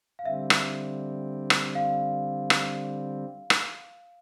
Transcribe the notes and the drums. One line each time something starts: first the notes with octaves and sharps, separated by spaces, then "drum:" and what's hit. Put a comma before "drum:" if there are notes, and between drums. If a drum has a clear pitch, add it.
F5
D3 G3 C4 E5
drum: rim click
drum: rim click
F5
drum: rim click
drum: rim click